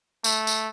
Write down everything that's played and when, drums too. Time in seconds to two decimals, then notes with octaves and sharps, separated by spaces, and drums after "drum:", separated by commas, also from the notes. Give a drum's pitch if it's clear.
0.24 A3, drum: tambourine
0.47 drum: tambourine